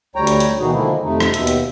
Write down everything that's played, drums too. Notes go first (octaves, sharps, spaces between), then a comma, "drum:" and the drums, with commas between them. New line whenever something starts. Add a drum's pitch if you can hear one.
D2 G3 C#5 G5 A#5
drum: hi-hat
drum: hi-hat
B2 D#3 E3 D#4 F#4 G#4
D3 D#3 F3 G#3 A#3 E4
F2 C3 A3 D#4
drum: rim click
D#2 B2 E5, drum: hi-hat
drum: hi-hat